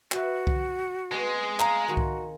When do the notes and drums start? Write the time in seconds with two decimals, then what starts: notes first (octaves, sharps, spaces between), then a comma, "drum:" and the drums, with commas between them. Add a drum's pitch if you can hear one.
0.12 F#4 B4 E5, drum: clap
0.47 drum: kick C2
1.11 G#3 B3 C4
1.60 F5 A#5, drum: clap
1.88 D#3 F4 F#4 G#4
1.97 drum: kick C2